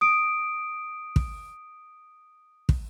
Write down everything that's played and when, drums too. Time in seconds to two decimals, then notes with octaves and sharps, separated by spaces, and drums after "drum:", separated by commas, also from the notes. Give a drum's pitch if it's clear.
0.01 D#6 D7
1.16 drum: kick
2.69 drum: kick